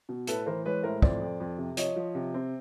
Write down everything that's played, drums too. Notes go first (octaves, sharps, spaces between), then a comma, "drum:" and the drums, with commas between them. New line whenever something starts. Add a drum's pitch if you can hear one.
B2
A2 A4 B4, drum: hi-hat
E3 A#4 C5
G#3 B4 C#5
A2 A#4 C5
F2 C5 D5, drum: kick
F2
F2
C3
F3 C#5 D#5, drum: hi-hat
F3
C3
C4